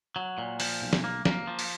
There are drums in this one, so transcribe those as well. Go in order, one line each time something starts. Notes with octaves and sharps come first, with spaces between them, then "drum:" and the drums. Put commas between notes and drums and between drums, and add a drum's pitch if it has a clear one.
F#3
A#2
F3, drum: open hi-hat
B1
drum: snare
A#3
A#3, drum: snare
F3
drum: open hi-hat